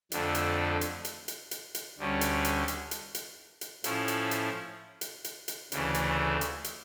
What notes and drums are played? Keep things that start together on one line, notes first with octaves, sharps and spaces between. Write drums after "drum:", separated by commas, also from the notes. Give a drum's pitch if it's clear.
F2 D3 A3, drum: hi-hat
drum: hi-hat
drum: hi-hat
drum: hi-hat
drum: hi-hat
drum: hi-hat
drum: hi-hat
D2 D3 G3 C#4
drum: hi-hat
drum: hi-hat
drum: hi-hat
drum: hi-hat
drum: hi-hat
drum: hi-hat
A2 F3 C#4 E4, drum: hi-hat
drum: hi-hat
drum: hi-hat
drum: hi-hat
drum: hi-hat
drum: hi-hat
D2 C#3 E3 A3, drum: hi-hat
drum: hi-hat
drum: hi-hat
drum: hi-hat